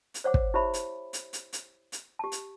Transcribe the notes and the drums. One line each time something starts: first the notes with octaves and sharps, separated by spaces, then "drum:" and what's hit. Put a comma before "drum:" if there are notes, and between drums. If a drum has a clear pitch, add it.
drum: hi-hat
C5 C#5 F#5 D6
drum: kick
E4 G4 C5 C#5 E5 B5
drum: hi-hat
drum: hi-hat
drum: hi-hat
drum: hi-hat
drum: hi-hat
G4 A5
drum: hi-hat